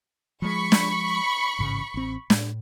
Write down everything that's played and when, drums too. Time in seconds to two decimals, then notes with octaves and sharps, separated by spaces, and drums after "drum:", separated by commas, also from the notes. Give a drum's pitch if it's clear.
0.42 F3 G#3 B5 C#6
0.72 drum: snare
1.59 A1 G#2 C#3
1.94 A1 C4
2.30 A2, drum: snare